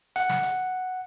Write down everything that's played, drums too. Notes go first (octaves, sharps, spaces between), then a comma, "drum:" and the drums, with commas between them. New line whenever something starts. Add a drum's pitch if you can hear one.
F#5, drum: hi-hat
drum: snare
drum: hi-hat